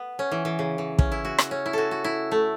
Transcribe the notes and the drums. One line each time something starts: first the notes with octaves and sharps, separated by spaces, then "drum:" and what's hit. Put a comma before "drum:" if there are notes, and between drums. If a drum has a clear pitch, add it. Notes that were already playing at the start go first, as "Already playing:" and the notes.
Already playing: B3
C#4
E3
E3
C#3
E3
C#4, drum: kick
E4
F#4
drum: rim click
C#4
E4
F#4 A4
F#4
E4
A3